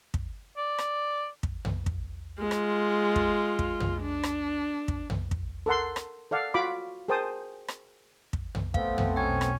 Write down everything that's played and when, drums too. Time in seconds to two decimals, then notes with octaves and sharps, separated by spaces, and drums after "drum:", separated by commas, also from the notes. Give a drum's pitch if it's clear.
0.14 drum: kick
0.57 D5
0.78 drum: rim click
1.43 drum: kick
1.65 drum: tom
1.86 drum: kick
2.39 G#3 F4
2.51 drum: rim click
3.16 drum: kick
3.59 drum: kick
3.80 drum: tom
4.02 D4
4.23 drum: rim click
4.88 drum: kick
5.10 drum: tom
5.31 drum: kick
5.66 A4 A#4 F#5 C6
5.96 drum: rim click
6.31 A4 D5 F5 F#5
6.54 F4 F#4 B5 D6
7.08 G#4 A#4 C5 G5 A5 D#6
7.68 drum: rim click
8.33 drum: kick
8.55 drum: tom
8.74 A3 B3 C4 F5, drum: kick
8.98 drum: tom
9.16 B1 C#4 G5 G#6
9.41 drum: rim click